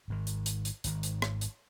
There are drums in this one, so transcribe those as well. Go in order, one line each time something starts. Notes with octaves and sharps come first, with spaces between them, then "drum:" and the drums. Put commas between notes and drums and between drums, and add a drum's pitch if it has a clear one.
G#1 G#2 D#3
drum: hi-hat
drum: hi-hat
drum: hi-hat
G#1 G#2 D#3, drum: hi-hat
drum: hi-hat
drum: rim click
drum: hi-hat